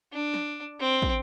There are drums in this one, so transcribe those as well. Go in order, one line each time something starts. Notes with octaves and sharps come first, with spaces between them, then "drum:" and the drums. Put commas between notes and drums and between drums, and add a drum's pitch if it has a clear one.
D4
drum: snare
C4
drum: kick